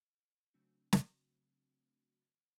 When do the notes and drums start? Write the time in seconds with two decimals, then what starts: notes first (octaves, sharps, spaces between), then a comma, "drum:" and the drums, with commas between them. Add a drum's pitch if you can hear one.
0.54 C#3 F#3 A3 C4 D4 F#4
0.93 drum: snare